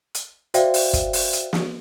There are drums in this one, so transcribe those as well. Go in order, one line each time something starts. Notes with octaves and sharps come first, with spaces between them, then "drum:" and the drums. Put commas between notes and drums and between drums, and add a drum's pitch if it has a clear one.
drum: hi-hat
F#4 C5 D5 E5 F5 G5, drum: hi-hat
drum: open hi-hat
drum: kick, hi-hat
drum: open hi-hat
drum: hi-hat
drum: snare